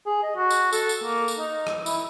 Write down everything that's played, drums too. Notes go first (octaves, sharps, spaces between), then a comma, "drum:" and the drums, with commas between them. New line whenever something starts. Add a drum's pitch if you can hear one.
G#4
D#5
F#4
drum: tambourine
A4, drum: tambourine
drum: tambourine
A#3
drum: tambourine
D#4
drum: rim click
E4, drum: tambourine